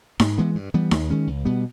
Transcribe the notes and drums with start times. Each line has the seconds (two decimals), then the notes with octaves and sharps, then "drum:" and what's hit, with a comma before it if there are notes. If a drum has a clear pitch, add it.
0.20 G#2, drum: snare D#4
0.38 E3 G#3 B3
0.55 G2
0.74 E3 G3 B3
0.91 D#2, drum: snare D#4
1.10 D#3 G#3 C#4
1.27 C#2
1.45 B2 G3 B3